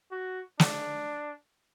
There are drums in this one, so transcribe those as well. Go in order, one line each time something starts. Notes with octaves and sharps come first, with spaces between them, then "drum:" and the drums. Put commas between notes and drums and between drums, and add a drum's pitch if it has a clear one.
F#4
D4, drum: snare